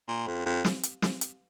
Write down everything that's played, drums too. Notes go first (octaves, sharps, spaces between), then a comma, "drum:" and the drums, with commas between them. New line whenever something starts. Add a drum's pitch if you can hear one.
A#2
F2
F2
drum: snare
drum: hi-hat
drum: snare
drum: hi-hat